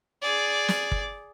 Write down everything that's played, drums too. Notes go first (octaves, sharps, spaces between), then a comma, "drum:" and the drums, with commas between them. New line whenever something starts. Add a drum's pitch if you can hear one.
G#4 D5
drum: snare
drum: kick G1